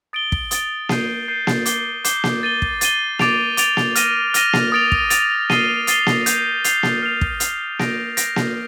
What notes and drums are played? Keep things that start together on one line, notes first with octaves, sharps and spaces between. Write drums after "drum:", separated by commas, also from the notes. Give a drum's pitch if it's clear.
D#6 A6 D7 G7
drum: kick
D#6 A6 D7 G7, drum: hi-hat
G6 C7 D#7, drum: snare A#3
G6 C7 D#7
drum: snare A#3
D6 G6 C7 G7, drum: hi-hat
D6 G6 C7 G7, drum: hi-hat
drum: snare A#3
A6 D#7 G7
drum: kick
A6 D#7 G7, drum: hi-hat
D6 A6 D7 F7, drum: snare A#3
D6 A6 D7 F7, drum: hi-hat
drum: snare A#3
F6 A#6 D#7, drum: hi-hat
F6 A#6 D#7, drum: hi-hat
drum: snare A#3
D#6 A6 D7 F7
drum: kick
D#6 A6 D7 F7, drum: hi-hat
D#6 A6 C7 D#7 G7, drum: snare A#3
D#6 A6 C7 D#7 G7, drum: hi-hat
drum: snare A#3
G6 C7 F7, drum: hi-hat
G6 C7 F7, drum: hi-hat
drum: snare A#3
F6 C7 F7
drum: kick
F6 C7 F7, drum: hi-hat
G6 A#6 D7, drum: snare A#3
G6 A#6 D7, drum: hi-hat
drum: snare A#3